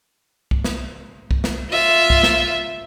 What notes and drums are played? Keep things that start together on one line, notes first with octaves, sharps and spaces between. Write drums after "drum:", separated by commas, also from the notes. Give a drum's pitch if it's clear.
drum: kick
drum: snare
drum: kick
drum: snare
F4 E5
drum: kick
drum: snare